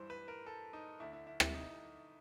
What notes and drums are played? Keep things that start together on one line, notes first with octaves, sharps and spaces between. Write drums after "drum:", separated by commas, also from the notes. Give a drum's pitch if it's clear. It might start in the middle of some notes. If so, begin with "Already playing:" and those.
Already playing: G2 E3 C5
B4
A#4
A4
D#4
D2 D3 E4
E4
E4
E4, drum: rim click
D#4